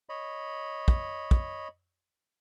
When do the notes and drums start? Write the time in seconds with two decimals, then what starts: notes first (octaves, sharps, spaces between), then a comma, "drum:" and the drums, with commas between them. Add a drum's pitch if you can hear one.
0.09 C#5 D#5 B5
0.88 drum: kick
1.31 drum: kick